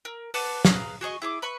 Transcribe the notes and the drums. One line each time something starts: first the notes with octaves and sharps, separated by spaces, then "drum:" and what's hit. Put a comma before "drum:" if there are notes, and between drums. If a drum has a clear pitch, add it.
A#4
B4 F#5 A5 D6, drum: open hi-hat
G#4 B4 F5 A#5, drum: snare
F#4 G#4 D#5 C#6
E4 G#4 D6
B4 B5 C#6